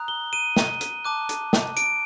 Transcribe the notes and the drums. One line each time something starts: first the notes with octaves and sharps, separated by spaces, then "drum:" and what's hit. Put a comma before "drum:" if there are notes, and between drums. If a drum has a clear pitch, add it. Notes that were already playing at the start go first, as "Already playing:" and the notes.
Already playing: A#5 D#6 F#6
G7
D#7
drum: snare
drum: hi-hat
A5 D6 F#6
drum: hi-hat
drum: snare
D7, drum: hi-hat